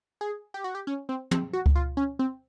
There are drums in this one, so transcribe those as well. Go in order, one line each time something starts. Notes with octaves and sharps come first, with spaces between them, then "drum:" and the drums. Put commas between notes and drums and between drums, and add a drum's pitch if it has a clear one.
G#4
G4
F#4
G4
C#4
C4
C4, drum: tom
F#4
drum: kick C#2
F4
C#4
C4